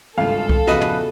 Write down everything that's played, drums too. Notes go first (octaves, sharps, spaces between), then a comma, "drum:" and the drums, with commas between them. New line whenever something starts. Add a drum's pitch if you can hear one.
G#1 D2 G2 C#3 F4 A4 F5
drum: kick C2
E2 C#3 F3 F#4 B4 D#5, drum: snare
drum: tom